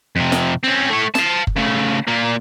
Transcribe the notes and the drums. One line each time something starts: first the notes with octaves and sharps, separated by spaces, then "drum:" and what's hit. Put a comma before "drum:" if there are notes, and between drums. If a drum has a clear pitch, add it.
F2 C3
drum: snare
C4 C#4
A3 C#5
F5 A5, drum: snare
drum: kick F#1
C#3 A3
A#2 A#3